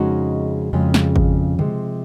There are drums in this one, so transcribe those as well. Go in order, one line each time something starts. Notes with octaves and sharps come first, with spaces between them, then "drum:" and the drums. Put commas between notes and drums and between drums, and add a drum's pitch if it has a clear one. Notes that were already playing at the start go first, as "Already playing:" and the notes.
Already playing: F2 C#3 G#3 C#4 D#4 F#4
F2 C#3 G#3 C#4
drum: snare
drum: kick G#1
C3 F3 G#3, drum: tom C#3